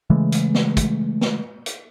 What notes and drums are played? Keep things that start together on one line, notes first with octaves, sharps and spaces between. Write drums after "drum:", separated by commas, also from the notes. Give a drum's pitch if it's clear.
C#3 E3 G#3 A3
drum: hi-hat
drum: snare
drum: kick, hi-hat
drum: snare
drum: hi-hat